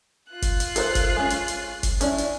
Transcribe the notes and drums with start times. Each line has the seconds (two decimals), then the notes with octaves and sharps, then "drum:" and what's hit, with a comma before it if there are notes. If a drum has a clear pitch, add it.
0.31 F4 F#6
0.42 drum: kick F#1, hi-hat
0.60 drum: hi-hat
0.76 A4 A#4 C5, drum: hi-hat
0.95 drum: kick F#1, hi-hat
1.17 G#3 C#4
1.30 drum: hi-hat
1.48 drum: hi-hat
1.83 drum: kick F#1, hi-hat
2.01 C#4 D4 E4, drum: hi-hat
2.18 drum: hi-hat